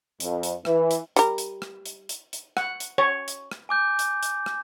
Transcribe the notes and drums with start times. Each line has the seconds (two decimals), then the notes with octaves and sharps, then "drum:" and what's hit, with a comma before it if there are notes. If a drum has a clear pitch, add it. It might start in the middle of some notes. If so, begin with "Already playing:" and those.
0.20 F2, drum: hi-hat
0.43 drum: hi-hat
0.65 E3, drum: rim click
0.91 drum: hi-hat
1.16 G3 A#4, drum: hi-hat
1.38 drum: hi-hat
1.62 drum: rim click
1.86 drum: hi-hat
2.09 drum: hi-hat
2.33 drum: hi-hat
2.57 F#5, drum: rim click
2.80 drum: hi-hat
2.98 C#5
3.28 drum: hi-hat
3.51 drum: rim click
3.69 G#5 D6 G6
3.99 drum: hi-hat
4.23 drum: hi-hat
4.46 drum: rim click